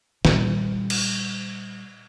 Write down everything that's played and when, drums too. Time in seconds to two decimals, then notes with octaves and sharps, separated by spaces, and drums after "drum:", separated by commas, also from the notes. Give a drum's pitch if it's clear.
0.25 A#2 G3, drum: snare
0.90 drum: cymbal